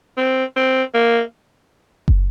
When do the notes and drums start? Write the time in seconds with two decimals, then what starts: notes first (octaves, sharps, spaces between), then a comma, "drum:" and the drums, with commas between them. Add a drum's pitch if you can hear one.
0.18 C4
0.56 C4
0.94 A#3
2.08 drum: kick F#1